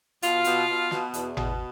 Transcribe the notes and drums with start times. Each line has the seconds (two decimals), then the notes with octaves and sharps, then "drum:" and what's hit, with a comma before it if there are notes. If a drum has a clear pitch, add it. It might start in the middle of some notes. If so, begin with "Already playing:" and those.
0.22 B2 F4, drum: hi-hat
0.44 B2, drum: hi-hat
0.67 B2
0.91 B2, drum: snare
1.14 E2, drum: hi-hat
1.37 B2, drum: tom G#1